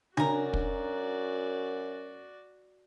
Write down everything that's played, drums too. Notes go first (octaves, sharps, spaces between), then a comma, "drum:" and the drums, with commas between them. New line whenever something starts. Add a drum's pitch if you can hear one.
F#2 D4 F#4 A#4 D5 A#5, drum: tom C#3
drum: kick